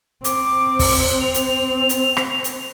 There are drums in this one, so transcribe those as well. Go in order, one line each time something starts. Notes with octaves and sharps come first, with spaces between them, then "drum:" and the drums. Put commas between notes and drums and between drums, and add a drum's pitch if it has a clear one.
C4 D6, drum: hi-hat
drum: kick, open hi-hat
F7
drum: hi-hat
drum: hi-hat
drum: rim click
drum: hi-hat